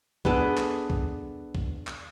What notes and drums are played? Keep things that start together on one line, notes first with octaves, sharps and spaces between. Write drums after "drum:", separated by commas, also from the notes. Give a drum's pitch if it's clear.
B3 D4 G#4 A4, drum: kick
drum: clap
drum: kick
drum: kick
drum: clap